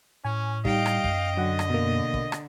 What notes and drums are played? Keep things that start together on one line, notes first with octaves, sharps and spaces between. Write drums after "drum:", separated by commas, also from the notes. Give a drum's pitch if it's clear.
A2 C#4 G#5
G3 D#4 D#5 F5 G5, drum: kick
drum: rim click
F#2, drum: kick
D3 F#3 F#5
drum: rim click
B2 A#3
drum: kick
drum: rim click